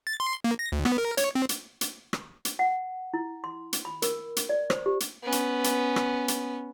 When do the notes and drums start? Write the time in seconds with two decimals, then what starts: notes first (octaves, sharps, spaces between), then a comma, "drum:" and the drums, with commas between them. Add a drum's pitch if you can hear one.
0.07 A6
0.20 C6
0.44 A#3
0.59 A#6
0.72 D2
0.85 B3, drum: rim click
0.98 A#4
1.17 C#5, drum: hi-hat
1.35 C4
1.49 drum: hi-hat
1.81 drum: hi-hat
2.13 drum: rim click
2.45 drum: hi-hat
2.59 F#5
3.14 E4
3.44 C6
3.73 drum: hi-hat
3.85 B5
4.02 A#4, drum: hi-hat
4.36 drum: hi-hat
4.49 D5
4.70 C5, drum: rim click
4.86 G4
5.00 drum: hi-hat
5.23 B3 C#4
5.32 drum: hi-hat
5.64 drum: hi-hat
5.96 drum: rim click
6.28 drum: hi-hat